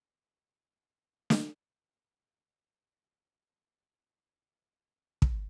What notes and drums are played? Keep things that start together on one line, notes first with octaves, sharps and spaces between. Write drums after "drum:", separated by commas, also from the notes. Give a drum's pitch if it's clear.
D3
D3 F3
C3 E3
drum: snare
E3 G3
F3 A3
F3 A3
E3 G3
F3 A3
F3 A3
G3 A#3
F3 A3
E3 G3
D3 F3
drum: kick